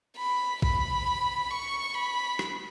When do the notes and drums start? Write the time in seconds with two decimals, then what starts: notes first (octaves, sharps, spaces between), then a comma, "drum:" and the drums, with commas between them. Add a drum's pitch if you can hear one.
0.17 B5
0.62 B5, drum: kick A#1
1.51 C#6
1.94 B5
2.39 drum: rim click